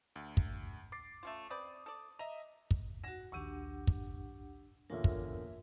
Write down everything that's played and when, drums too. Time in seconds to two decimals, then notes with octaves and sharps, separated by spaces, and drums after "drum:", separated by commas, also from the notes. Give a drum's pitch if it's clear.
0.16 D2
0.37 drum: kick
0.92 D6 A6 C7
1.23 A3 C#4 F4
1.50 C4 B4 D5 D#6
1.86 A4 D5
2.19 D#5 E5 A#5
2.71 drum: kick
3.04 F#4 F#5 A#6 E7
3.32 A#1 D#2 D4 G4 F#5 C#6 E6 D#7
3.87 drum: kick
4.90 E2 A#2 D3 A#3 F4 A#4 C#5 E5
5.04 drum: kick